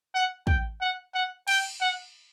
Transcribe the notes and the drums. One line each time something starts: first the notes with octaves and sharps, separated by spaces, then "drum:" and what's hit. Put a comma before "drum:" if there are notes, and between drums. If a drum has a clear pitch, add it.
F#5
G5, drum: kick
F#5
F#5
G5, drum: cymbal
F#5